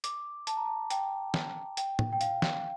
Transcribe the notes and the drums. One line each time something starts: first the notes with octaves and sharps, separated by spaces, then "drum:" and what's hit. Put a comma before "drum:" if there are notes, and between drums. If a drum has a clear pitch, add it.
D6, drum: hi-hat
A5, drum: hi-hat
A#5
A5
G5, drum: hi-hat
drum: snare
G5, drum: hi-hat
drum: tom A2
G5
F5, drum: hi-hat
drum: snare